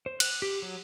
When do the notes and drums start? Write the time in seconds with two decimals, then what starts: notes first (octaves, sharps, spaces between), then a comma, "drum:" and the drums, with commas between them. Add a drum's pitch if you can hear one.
0.06 C5
0.20 F#6, drum: cymbal
0.42 G4
0.62 F#3